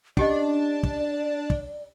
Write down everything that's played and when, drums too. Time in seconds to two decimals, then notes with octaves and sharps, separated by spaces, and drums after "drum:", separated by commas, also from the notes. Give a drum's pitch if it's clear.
0.17 C#4 D4 G4 D5 D#5, drum: kick
0.83 drum: kick
1.50 drum: kick